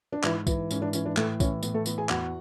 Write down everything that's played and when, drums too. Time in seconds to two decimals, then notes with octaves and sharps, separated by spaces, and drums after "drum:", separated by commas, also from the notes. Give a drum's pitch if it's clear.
0.12 D4
0.24 G#2 E3 E4, drum: clap
0.47 E3, drum: kick, tambourine
0.71 G#2 C#4, drum: tambourine
0.82 D4
0.93 E3 C#4, drum: tambourine
1.05 D4
1.17 A2 A3 A4, drum: clap
1.40 E3 C#4 C#5, drum: kick, tambourine
1.63 A2 B3 B4, drum: tambourine
1.74 A3 A4
1.86 E3 B3 B4, drum: tambourine
1.98 G#4 G#5
2.09 E2 F#4 F#5, drum: clap